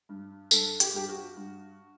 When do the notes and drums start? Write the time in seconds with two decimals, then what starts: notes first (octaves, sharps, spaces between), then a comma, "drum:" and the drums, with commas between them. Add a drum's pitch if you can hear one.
0.09 G2
0.51 G2 A4, drum: tambourine
0.80 G4, drum: hi-hat
0.94 G2 G4
1.09 F#4
1.36 G2